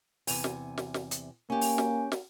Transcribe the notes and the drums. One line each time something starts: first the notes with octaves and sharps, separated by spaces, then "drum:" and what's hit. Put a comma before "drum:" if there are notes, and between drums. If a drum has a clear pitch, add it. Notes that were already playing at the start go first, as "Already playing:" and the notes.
E2 C3 G#5, drum: open hi-hat
drum: snare
drum: snare
drum: snare
drum: hi-hat
A#3 C#4 G4 G#5
drum: open hi-hat
drum: snare
drum: snare